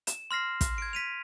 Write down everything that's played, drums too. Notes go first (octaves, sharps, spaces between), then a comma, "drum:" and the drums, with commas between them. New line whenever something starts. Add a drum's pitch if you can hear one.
E7, drum: hi-hat
C6 F6 A#6 C7
drum: kick, hi-hat
G#6 D7
B6 D#7 F7